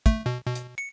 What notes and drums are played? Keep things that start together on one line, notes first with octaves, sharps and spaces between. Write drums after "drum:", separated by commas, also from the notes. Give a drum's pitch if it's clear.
A3, drum: kick, hi-hat
B2
B2
drum: hi-hat
C#7